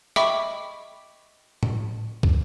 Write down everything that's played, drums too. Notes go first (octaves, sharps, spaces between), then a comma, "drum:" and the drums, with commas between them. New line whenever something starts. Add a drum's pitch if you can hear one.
D#5 E5 G5 B5 C#6 D6, drum: rim click
drum: tom A2
drum: kick